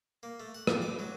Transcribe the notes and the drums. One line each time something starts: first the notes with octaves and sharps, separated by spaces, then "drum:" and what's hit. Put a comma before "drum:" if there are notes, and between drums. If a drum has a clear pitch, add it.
A#3
A3
F#5
A#2, drum: rim click
D6
F#3